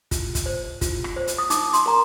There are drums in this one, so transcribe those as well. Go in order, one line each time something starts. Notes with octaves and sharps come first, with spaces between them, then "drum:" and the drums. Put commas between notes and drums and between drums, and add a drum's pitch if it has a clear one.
F4, drum: kick, hi-hat
drum: kick, hi-hat
C5
F4, drum: kick, hi-hat
drum: rim click
C5
drum: hi-hat
D#6
D#4 D6, drum: hi-hat
C6, drum: hi-hat
A#4 A#5